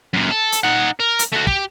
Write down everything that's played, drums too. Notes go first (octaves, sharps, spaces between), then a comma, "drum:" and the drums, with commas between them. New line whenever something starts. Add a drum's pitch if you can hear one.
F#2 A#2
A4
drum: hi-hat
D#4 F#5
A#4
drum: hi-hat
A3 F#4
G4, drum: kick